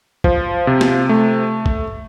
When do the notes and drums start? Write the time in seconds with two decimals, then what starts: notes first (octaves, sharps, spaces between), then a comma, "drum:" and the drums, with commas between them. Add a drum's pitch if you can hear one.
0.24 F3, drum: kick
0.67 C3
0.81 drum: snare
1.09 A3
1.66 drum: kick